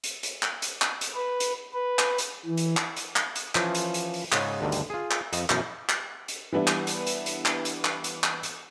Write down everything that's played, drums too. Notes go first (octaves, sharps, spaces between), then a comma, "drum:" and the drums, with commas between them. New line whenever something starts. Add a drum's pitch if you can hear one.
drum: hi-hat
drum: hi-hat
drum: clap
drum: hi-hat
drum: clap
drum: hi-hat
B4
drum: hi-hat
B4
drum: clap
drum: hi-hat
E3
drum: hi-hat
drum: clap
drum: hi-hat
drum: clap
drum: hi-hat
E3 F3 C#4 F4, drum: clap
drum: hi-hat
drum: hi-hat
drum: open hi-hat
G#2 C#3 G#3 C#4, drum: clap
D2 G2 D3 D#3
drum: hi-hat
F4 G#4
drum: clap
F2 D#5 A5, drum: hi-hat
F#2 B2 E3, drum: clap
drum: clap
drum: hi-hat
E3 G3 B3 D4 E4
drum: clap
drum: hi-hat
drum: hi-hat
drum: hi-hat
drum: clap
drum: hi-hat
drum: clap
drum: hi-hat
drum: clap
drum: hi-hat